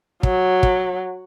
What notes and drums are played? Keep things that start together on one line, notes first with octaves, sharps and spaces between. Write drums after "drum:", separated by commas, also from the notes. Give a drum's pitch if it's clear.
F#3, drum: kick
drum: kick